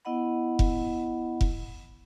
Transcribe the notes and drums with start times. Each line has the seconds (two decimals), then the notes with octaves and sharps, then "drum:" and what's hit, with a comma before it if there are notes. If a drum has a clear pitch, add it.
0.05 B3 E4 D#5 F#5 B5
0.59 drum: kick F1
1.41 drum: kick F1